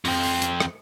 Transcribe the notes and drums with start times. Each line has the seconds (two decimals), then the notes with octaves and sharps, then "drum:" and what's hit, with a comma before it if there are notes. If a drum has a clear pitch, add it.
0.05 F2 C4, drum: open hi-hat
0.23 drum: open hi-hat
0.42 drum: hi-hat
0.60 drum: rim click